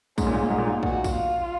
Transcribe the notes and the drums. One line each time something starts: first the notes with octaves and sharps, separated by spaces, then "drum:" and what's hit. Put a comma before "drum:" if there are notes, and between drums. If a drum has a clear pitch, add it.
G#2 C#4, drum: kick, tambourine
A#2
G#2
A#2
G#2 D#4
A#2
G#2
A#2 F#4, drum: kick
drum: kick, tambourine
F4